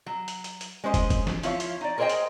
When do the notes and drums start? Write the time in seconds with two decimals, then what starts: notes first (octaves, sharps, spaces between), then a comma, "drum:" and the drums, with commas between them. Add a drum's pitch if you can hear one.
0.06 F#3
0.28 drum: hi-hat
0.44 drum: hi-hat
0.61 drum: hi-hat
0.84 G#3 C#4 C5 D#5
0.94 drum: kick, hi-hat
1.10 drum: kick, hi-hat
1.27 drum: snare
1.43 F3 E4 C#5 F5, drum: hi-hat
1.60 drum: hi-hat
1.81 D#4 D5
1.98 G#4 A#4 C5 C#5 D#5 G5
2.09 drum: hi-hat